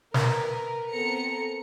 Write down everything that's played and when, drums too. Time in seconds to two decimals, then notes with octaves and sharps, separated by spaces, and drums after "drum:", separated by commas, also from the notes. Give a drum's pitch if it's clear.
0.14 A#4 B4, drum: snare
0.91 B3 C4 A4 A#4 A#5 C#7